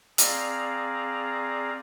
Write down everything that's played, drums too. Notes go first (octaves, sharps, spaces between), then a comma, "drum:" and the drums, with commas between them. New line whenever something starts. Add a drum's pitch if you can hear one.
C4 G#4 D5 F5 A#5, drum: hi-hat